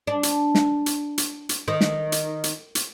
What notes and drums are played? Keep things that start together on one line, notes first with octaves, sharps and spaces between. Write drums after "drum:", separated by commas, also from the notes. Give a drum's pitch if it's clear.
D4
drum: hi-hat
drum: snare
drum: hi-hat
drum: hi-hat
drum: hi-hat
D#3
drum: snare
drum: hi-hat
drum: hi-hat
drum: hi-hat